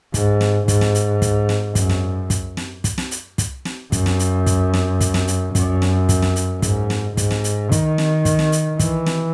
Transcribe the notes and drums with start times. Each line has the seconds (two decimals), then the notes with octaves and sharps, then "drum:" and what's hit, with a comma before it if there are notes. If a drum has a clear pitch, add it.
0.14 G#2, drum: kick, hi-hat
0.41 drum: snare
0.68 G#2, drum: kick, hi-hat
0.81 drum: snare
0.95 drum: hi-hat
1.22 drum: kick, hi-hat
1.49 drum: snare
1.75 F#2, drum: kick, hi-hat
1.89 drum: snare
2.30 drum: kick, hi-hat
2.57 drum: snare
2.84 drum: kick, hi-hat
2.98 drum: snare
3.11 drum: hi-hat
3.38 drum: kick, hi-hat
3.65 drum: snare
3.92 F#2, drum: kick, hi-hat
4.06 drum: snare
4.19 drum: hi-hat
4.46 drum: kick, hi-hat
4.73 drum: snare
5.01 drum: kick, hi-hat
5.14 drum: snare
5.28 drum: hi-hat
5.55 F#2, drum: kick, hi-hat
5.82 drum: snare
6.09 drum: kick, hi-hat
6.22 drum: snare
6.36 drum: hi-hat
6.62 G#2, drum: kick, hi-hat
6.90 drum: snare
7.17 G#2, drum: kick, hi-hat
7.31 drum: snare
7.44 drum: hi-hat
7.72 D#3, drum: kick, hi-hat
7.98 drum: snare
8.25 drum: kick, hi-hat
8.39 drum: snare
8.52 drum: hi-hat
8.79 E3, drum: kick, hi-hat
9.06 drum: snare